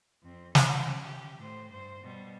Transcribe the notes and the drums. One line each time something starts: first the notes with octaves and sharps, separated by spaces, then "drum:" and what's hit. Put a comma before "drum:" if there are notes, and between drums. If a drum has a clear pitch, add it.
F2 C4
F#3 C#4, drum: snare
G4
A2 C5
G2 C5
B2 G3